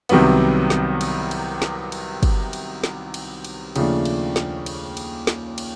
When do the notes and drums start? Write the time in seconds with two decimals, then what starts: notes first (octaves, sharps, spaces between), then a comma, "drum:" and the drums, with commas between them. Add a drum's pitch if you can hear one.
0.09 C2 C3 D#3 F#3 B3, drum: cymbal
0.70 drum: snare
1.01 drum: cymbal
1.31 drum: cymbal
1.62 drum: snare
1.92 drum: cymbal
2.23 drum: kick, cymbal
2.53 drum: cymbal
2.84 drum: snare
3.14 drum: cymbal
3.44 drum: cymbal
3.76 D#2 C#3 F3 A3 D4, drum: cymbal
4.05 drum: cymbal
4.36 drum: snare
4.66 drum: cymbal
4.97 drum: cymbal
5.27 drum: snare
5.58 drum: cymbal